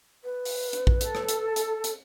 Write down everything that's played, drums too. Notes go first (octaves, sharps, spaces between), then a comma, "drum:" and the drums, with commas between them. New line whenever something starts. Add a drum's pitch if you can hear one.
B4
drum: open hi-hat
drum: hi-hat
drum: kick A#1
A4, drum: hi-hat
drum: rim click
drum: hi-hat
drum: hi-hat
drum: hi-hat